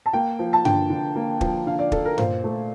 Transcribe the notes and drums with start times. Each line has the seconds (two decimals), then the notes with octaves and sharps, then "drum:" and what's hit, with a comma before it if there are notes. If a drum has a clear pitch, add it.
0.06 A5
0.13 A#3 G5
0.39 F3
0.53 A5
0.65 D3 G5, drum: tom G2
0.90 D3
1.16 A#3
1.41 F3, drum: kick
1.66 D3 F5
1.79 D5
1.92 D3 A4, drum: kick
2.05 A#4
2.18 A#2 C5, drum: tom G2
2.44 A3